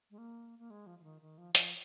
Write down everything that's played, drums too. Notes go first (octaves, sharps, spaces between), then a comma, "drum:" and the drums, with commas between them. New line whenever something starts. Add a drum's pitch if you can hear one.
G#3
A#3
A#3
G#3
F3
F3
D#3
D#3
F3
F3, drum: hi-hat